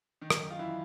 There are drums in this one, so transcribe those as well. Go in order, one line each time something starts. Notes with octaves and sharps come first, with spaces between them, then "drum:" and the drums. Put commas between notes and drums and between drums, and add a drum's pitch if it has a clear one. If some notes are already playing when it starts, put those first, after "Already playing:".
D#3 D#4
drum: rim click
F#2
F4
F#1 E3 E4